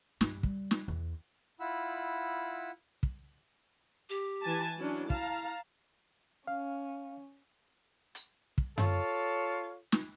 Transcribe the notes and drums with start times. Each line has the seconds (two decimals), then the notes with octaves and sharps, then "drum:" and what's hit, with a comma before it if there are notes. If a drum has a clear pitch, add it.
0.21 G2, drum: snare
0.43 G3, drum: kick
0.71 drum: snare
0.88 E2
1.60 E4 F4 F#5 B5 E6
3.03 drum: kick
4.10 G4
4.43 E3 G#5 A5
4.78 F#3 C#4 D4 E4
5.10 F5 A5 A#5, drum: kick
6.47 C#4 F5
8.15 drum: hi-hat
8.58 drum: kick
8.78 F4 A4 C#5, drum: tom F#2
9.92 drum: snare